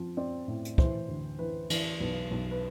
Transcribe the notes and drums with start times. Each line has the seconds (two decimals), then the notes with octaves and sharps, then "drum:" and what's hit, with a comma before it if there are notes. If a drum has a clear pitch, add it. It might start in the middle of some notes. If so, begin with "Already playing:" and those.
Already playing: F3 C4
0.17 C4 D5
0.48 A2
0.65 drum: hi-hat
0.78 E3 C5, drum: kick
1.08 D2
1.39 E3 B4
1.70 E3, drum: cymbal
2.00 B1 B4
2.31 B1
2.51 B4